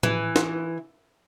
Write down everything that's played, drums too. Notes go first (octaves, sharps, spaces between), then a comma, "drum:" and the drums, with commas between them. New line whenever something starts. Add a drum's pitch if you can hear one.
E3, drum: tom A2
drum: snare